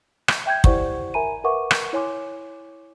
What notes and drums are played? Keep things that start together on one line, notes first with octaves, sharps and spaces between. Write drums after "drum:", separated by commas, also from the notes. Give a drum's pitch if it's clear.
drum: rim click
E5 G5 G6 G#6
E4 G4 C5 D5 F#5 C#6, drum: kick
A#4 E5 G#5 A#5 B5 D#7
A#4 B4 E5 F#5 C#6 D6
drum: rim click
E4 C#5 G#5 C6 D6